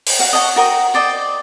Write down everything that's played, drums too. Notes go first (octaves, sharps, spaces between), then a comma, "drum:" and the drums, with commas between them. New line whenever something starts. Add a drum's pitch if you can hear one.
drum: open hi-hat
F#4 F5 F#5
D#5 F#5 G#5 C#6
F#4 A#4 G5 D#6
C5 D5 D#5 G5